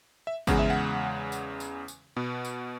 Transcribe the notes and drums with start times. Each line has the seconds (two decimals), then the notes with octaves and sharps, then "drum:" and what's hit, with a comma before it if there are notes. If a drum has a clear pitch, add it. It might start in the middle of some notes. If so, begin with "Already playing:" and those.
0.27 E5
0.47 E2 C#3 G#3 F#5, drum: kick G#1, tambourine
0.59 E5
0.70 F#5
1.32 drum: tambourine
1.60 drum: tambourine
1.88 drum: tambourine
2.16 B2 B3
2.45 drum: tambourine